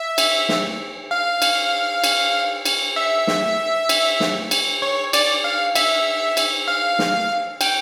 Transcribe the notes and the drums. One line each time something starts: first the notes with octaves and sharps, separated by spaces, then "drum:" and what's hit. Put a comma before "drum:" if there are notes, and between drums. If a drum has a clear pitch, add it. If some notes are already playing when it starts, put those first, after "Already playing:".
Already playing: E5
drum: cymbal
drum: snare
F5
drum: cymbal
drum: cymbal
drum: cymbal
E5
drum: snare
drum: cymbal
drum: snare
drum: cymbal
C#5
D5, drum: cymbal
F5
E5, drum: cymbal
drum: cymbal
F5
drum: snare
G5, drum: cymbal